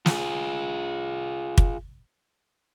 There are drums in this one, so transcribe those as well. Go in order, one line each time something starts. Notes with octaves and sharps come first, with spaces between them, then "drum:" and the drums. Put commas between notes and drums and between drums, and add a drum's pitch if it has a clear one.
F4 G#4, drum: snare
drum: kick